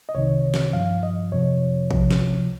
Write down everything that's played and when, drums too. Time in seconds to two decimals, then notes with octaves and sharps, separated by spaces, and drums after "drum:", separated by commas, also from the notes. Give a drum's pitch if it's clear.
0.09 D#5
0.15 C2 C3 D#3 C#5
0.54 drum: snare
0.73 G2 F3 F5
1.03 D#5
1.32 F2 C3 F3 C#5
1.91 C#2 C3 F3, drum: kick
2.11 drum: snare